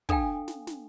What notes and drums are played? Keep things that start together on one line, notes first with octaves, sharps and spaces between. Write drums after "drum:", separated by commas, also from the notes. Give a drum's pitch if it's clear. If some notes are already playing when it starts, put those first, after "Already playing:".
D4 A4 F5 G5 G#5, drum: kick
drum: snare
drum: snare